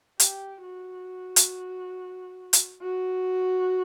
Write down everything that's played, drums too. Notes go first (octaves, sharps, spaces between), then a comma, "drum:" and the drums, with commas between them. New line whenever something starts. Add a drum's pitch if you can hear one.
G4, drum: hi-hat
F#4
drum: hi-hat
drum: hi-hat
F#4